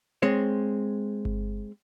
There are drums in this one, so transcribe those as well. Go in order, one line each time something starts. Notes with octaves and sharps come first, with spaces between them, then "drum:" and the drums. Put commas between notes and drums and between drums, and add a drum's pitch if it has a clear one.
G#3 C4 C#5
drum: kick G1